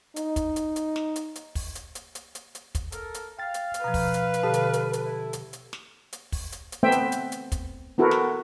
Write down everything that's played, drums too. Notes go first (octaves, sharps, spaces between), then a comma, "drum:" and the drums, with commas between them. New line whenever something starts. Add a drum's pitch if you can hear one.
D#4, drum: hi-hat
drum: kick, hi-hat
drum: hi-hat
drum: hi-hat
drum: snare
drum: hi-hat
drum: hi-hat
drum: kick, open hi-hat
drum: hi-hat
drum: hi-hat
drum: hi-hat
drum: hi-hat
drum: hi-hat
drum: kick, hi-hat
A4 A#4, drum: hi-hat
drum: hi-hat
F5 G5 A6
drum: hi-hat
drum: hi-hat
B2 F3 B4 A#5
drum: kick, open hi-hat
drum: hi-hat
drum: hi-hat
B2 D3 G4 A4 A5
drum: hi-hat
drum: hi-hat
drum: hi-hat
E4
drum: hi-hat
drum: hi-hat
drum: snare
drum: hi-hat
drum: kick, open hi-hat
drum: hi-hat
drum: hi-hat
A3 B3 C4 C5 E5 G5
drum: hi-hat
drum: hi-hat
drum: hi-hat
drum: kick, hi-hat
B3 E4 F#4 A4 A#4
drum: snare